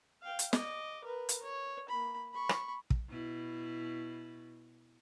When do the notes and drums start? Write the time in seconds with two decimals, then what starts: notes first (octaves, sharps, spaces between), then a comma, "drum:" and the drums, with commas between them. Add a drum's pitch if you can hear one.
0.23 F5 G5
0.39 drum: hi-hat
0.53 D#5 D6, drum: snare
1.05 A#4 B4
1.29 drum: hi-hat
1.43 C#5
1.89 A#3 B5
2.33 B5 C#6
2.49 drum: rim click
2.90 drum: kick
3.09 B2 E4